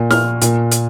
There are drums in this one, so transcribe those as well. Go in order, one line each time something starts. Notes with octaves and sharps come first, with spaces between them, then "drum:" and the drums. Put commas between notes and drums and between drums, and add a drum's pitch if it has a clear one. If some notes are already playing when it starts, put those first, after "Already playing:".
Already playing: A#2
F6, drum: snare
A#2, drum: hi-hat
drum: hi-hat